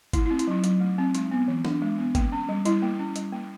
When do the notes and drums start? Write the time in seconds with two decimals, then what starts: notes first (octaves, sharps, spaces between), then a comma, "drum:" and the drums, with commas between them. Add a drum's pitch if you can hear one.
0.13 A3 E4, drum: kick, hi-hat
0.26 E4
0.30 C4
0.39 E4, drum: hi-hat
0.47 F#3 D#4
0.64 F#3, drum: hi-hat
0.81 A3
0.98 C4
1.15 G#3 D#4, drum: hi-hat
1.31 B3
1.48 E3
1.65 D4, drum: snare
1.82 G#3
1.98 B3
2.15 A#3, drum: kick, hi-hat
2.32 C#4
2.49 G3
2.65 G3 E4, drum: hi-hat
2.82 A#3
2.99 C#4
3.16 G3, drum: hi-hat
3.32 A#3